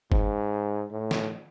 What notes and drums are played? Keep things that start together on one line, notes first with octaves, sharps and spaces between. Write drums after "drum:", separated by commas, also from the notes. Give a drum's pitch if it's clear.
G#2, drum: kick G1
A2
drum: snare